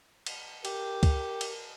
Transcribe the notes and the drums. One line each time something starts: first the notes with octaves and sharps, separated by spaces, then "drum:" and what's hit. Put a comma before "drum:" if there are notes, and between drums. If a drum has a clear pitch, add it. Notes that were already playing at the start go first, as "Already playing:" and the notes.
drum: cymbal
G4 A#4, drum: cymbal
drum: kick, cymbal
drum: cymbal